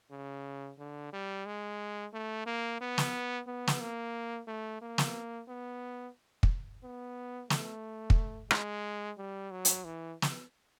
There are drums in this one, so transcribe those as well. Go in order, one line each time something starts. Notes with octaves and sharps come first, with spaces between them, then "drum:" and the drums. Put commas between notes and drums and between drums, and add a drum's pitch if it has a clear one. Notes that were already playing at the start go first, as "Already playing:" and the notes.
C#3
D3
G3
G#3
A3
A#3
B3
drum: snare
B3
drum: snare
A#3
A3
A#3
drum: snare
B3
drum: kick
B3
A3, drum: snare
drum: kick
G#3, drum: rim click
G3
F#3
drum: hi-hat
E3
drum: snare